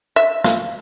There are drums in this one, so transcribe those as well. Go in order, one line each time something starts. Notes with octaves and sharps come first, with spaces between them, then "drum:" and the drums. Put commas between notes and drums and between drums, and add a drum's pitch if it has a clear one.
E5
F5, drum: snare